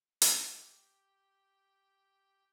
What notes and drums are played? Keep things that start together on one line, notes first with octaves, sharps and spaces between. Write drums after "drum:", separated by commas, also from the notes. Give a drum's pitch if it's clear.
G4 G5, drum: hi-hat